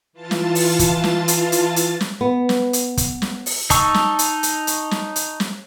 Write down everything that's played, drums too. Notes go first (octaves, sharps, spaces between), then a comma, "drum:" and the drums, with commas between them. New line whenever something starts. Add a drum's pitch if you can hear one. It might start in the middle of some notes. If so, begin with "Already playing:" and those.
E3 F4 A5 A6
drum: snare
drum: open hi-hat
drum: kick, hi-hat
drum: snare
drum: hi-hat
drum: hi-hat
drum: hi-hat
drum: snare
B3
drum: snare
drum: hi-hat
drum: kick, hi-hat
drum: snare
drum: open hi-hat
D#4 A5 C#6 E6, drum: kick, hi-hat
drum: snare
drum: hi-hat
drum: hi-hat
drum: hi-hat
drum: snare
drum: hi-hat
drum: snare